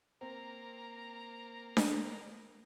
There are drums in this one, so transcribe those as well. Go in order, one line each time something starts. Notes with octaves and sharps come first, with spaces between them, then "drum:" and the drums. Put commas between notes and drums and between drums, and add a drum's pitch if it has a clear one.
A#3 C4 A#5
drum: snare D4